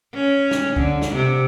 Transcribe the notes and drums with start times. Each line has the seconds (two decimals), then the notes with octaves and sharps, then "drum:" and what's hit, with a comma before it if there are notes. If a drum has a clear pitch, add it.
0.14 C#4
0.51 drum: snare
0.76 D3, drum: kick C#2
1.02 drum: snare
1.12 C3